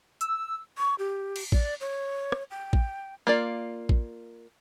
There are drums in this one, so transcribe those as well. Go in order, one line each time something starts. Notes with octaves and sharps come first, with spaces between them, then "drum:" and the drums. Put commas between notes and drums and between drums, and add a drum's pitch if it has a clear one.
E6, drum: hi-hat
C#6
G4
drum: cymbal
D5, drum: kick
C#5
drum: rim click
G5
drum: kick
A#3 F4 D5
drum: kick